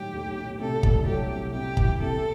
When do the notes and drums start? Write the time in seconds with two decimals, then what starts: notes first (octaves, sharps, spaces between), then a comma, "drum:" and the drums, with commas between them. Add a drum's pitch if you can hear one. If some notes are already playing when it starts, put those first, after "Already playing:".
Already playing: A2 D#3 F#3 G4
0.13 B1
0.37 A2
0.60 C3 A4
0.83 C2, drum: kick
1.07 F#3 G4
1.31 C3
1.53 C3 G4
1.77 E3, drum: kick
2.01 C3 A4